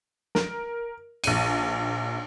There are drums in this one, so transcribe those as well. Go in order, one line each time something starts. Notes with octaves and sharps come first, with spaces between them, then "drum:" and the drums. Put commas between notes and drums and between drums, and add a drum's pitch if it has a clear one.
A#4, drum: snare
A#1 D#7, drum: cymbal